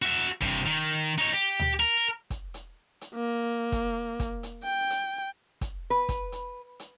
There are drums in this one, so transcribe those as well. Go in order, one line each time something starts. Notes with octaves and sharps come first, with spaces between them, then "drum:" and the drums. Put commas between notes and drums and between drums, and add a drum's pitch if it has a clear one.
F#4 E5
G2 C3, drum: kick, hi-hat
D#3, drum: hi-hat
D#4 C#5
G4
drum: tom D2
A#4
drum: kick, hi-hat
drum: hi-hat
drum: hi-hat
A#3
drum: kick, hi-hat
drum: kick, hi-hat
drum: hi-hat
G5
drum: hi-hat
drum: kick, hi-hat
B4
drum: kick, hi-hat
drum: hi-hat
drum: hi-hat